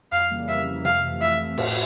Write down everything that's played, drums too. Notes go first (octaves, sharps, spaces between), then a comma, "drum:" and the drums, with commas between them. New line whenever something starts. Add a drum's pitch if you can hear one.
F2 F5
C#3 E3 G3 A#3
F2 E5
C#3 E3 G3 A#3
F2 F5, drum: tom C3
C3 E3 A3
F2 E5
C3 E3 A3
A2, drum: cymbal